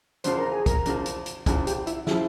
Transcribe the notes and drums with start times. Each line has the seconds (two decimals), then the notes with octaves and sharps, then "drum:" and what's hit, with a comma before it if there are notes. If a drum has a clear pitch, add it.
0.24 E2 C#3 F3 C5, drum: hi-hat
0.39 A#4
0.52 G#4
0.66 A#4, drum: kick, hi-hat
0.86 E2 C#3 F3, drum: hi-hat
1.06 drum: hi-hat
1.26 drum: hi-hat
1.46 E2 C#3 F3 G#4, drum: kick, hi-hat
1.67 G4, drum: hi-hat
1.87 E4, drum: hi-hat
2.07 C#3 F3 E4, drum: snare